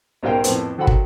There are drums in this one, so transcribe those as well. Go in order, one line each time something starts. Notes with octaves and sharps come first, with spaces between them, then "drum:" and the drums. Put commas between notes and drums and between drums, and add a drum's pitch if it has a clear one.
B1 G#2 G3 A#4 F5 G5
F2 A2 B3 C5, drum: hi-hat
D#3 F#3 A4 C5 F#5 B5
drum: kick